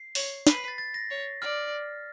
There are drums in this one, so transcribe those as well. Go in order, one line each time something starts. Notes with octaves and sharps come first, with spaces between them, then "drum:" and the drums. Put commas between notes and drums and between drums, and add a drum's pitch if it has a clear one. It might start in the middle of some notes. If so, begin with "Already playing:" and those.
Already playing: C7
C#5, drum: open hi-hat
B4 C7, drum: snare
B6
A6
A6
A#6
C#5
D5 F6